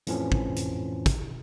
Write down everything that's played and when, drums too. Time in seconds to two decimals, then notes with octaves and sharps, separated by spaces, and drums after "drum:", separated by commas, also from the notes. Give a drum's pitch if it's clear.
0.07 F2 A2 E3 F3 C#4, drum: hi-hat
0.32 drum: kick
0.56 drum: hi-hat
1.06 drum: kick, hi-hat